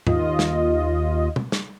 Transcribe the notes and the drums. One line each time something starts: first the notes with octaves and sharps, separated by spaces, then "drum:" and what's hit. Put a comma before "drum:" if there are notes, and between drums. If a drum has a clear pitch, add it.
D#2 F4 D#5, drum: tom
drum: snare
drum: tom B2
drum: snare